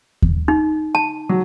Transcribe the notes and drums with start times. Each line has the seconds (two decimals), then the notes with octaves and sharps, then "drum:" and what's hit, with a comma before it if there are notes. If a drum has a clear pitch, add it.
0.22 drum: kick D#2
0.48 D#4
0.95 A5
1.29 F#3